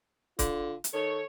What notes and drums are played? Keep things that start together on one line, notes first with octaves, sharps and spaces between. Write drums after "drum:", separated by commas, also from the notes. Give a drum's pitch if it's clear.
D3 F4, drum: kick C#1, hi-hat
drum: hi-hat
D#3 A4 C#5